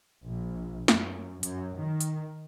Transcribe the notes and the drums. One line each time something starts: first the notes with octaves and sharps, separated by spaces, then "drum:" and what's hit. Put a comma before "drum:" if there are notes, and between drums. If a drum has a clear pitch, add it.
A#1
F#2, drum: snare
F#2, drum: hi-hat
D#3
drum: hi-hat